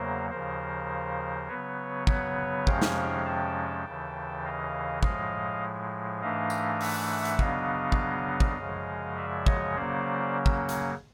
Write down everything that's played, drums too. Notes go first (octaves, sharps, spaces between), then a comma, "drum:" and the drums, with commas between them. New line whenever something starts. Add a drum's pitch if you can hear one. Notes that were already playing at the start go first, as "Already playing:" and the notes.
Already playing: E2 C#3 F#3 A#3 A#4 C5
D#2 C#3 F3 A#4 C5
C#3 F#3 B3 B4 C#5
B4 C#5, drum: kick
F2 C3 F3 G#3 C#4 F5 G5, drum: kick
drum: snare
G5 A5
D#2 C#3 E3
D#5 F5
A2 F3 G#3 D#5 F5, drum: kick
G#2 E3 A3 D4 D#5 F5
drum: tambourine
E5 F#5, drum: open hi-hat
drum: hi-hat
C#3 F#3 B3 D4 D#5 F5, drum: kick
drum: kick
drum: kick
F#2 C#3 F3 G#3
D5 E5
C#5 D#5, drum: kick
C#3 F#3 A#3 C#4 C5 D5
drum: kick
drum: hi-hat